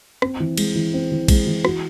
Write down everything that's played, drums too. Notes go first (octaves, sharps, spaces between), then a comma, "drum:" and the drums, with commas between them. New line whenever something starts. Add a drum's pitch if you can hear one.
C4, drum: rim click
E3
G#3, drum: cymbal
E3
C4
E3
G#3, drum: kick, cymbal
E3
F#4, drum: rim click